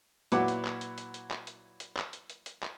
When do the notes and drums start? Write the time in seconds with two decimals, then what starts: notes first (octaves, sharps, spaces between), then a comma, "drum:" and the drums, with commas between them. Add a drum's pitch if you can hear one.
0.32 A#2 F#3 E4 B4 F#5 D6, drum: hi-hat
0.48 drum: hi-hat
0.65 drum: clap
0.81 drum: hi-hat
0.98 drum: hi-hat
1.14 drum: hi-hat
1.31 drum: clap
1.47 drum: hi-hat
1.80 drum: hi-hat
1.97 drum: clap
2.13 drum: hi-hat
2.30 drum: hi-hat
2.46 drum: hi-hat
2.63 drum: clap